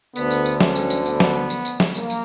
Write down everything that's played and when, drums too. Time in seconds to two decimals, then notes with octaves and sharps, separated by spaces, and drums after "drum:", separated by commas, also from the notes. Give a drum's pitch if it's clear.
0.16 D2 D3 B3, drum: tambourine
0.31 drum: tambourine
0.46 drum: tambourine
0.61 C#4, drum: snare
0.75 drum: tambourine
0.90 drum: tambourine
1.06 B3, drum: tambourine
1.20 drum: snare
1.50 drum: tambourine
1.65 drum: tambourine
1.80 drum: snare
1.95 A#3, drum: tambourine
2.10 drum: tambourine